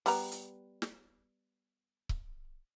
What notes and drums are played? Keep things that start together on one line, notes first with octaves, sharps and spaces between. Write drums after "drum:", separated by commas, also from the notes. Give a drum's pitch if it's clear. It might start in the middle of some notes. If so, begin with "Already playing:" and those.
G3 B3 A#5, drum: open hi-hat
drum: hi-hat
drum: snare
drum: kick C#1